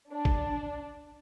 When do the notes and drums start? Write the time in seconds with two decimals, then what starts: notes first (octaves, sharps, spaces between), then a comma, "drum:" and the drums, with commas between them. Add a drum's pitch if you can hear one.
0.12 D4
0.25 drum: kick